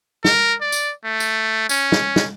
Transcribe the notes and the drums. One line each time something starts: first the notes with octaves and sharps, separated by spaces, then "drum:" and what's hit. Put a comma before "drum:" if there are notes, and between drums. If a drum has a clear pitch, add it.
A#4, drum: snare
D5
drum: tambourine
A3
drum: tambourine
C#4, drum: tambourine
drum: snare
drum: snare